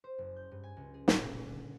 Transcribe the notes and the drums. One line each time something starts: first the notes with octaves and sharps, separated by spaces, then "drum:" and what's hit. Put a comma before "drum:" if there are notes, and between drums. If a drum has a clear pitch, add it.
C5
F#1
G6
G2
G#5
C#2
G#4
A2, drum: snare
A#2
D3